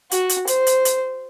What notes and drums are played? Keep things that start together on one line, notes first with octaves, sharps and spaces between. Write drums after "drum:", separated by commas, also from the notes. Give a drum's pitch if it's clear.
F#4, drum: hi-hat
drum: hi-hat
C5, drum: hi-hat
drum: hi-hat
drum: hi-hat